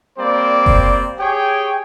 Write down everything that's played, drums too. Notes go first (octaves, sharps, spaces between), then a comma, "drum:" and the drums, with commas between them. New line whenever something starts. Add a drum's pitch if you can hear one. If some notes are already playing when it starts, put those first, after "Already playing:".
G3 A#3 C4 C5 D5
drum: kick F#1
G4 G#4 C#5 G5